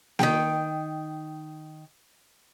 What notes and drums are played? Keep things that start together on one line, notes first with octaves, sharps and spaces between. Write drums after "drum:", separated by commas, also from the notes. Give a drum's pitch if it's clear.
D#3 G5, drum: snare A#3